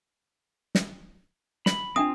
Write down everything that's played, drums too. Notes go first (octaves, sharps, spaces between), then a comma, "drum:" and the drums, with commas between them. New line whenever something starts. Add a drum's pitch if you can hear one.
drum: snare
B5, drum: snare
C4 D4 F4 G5 D#6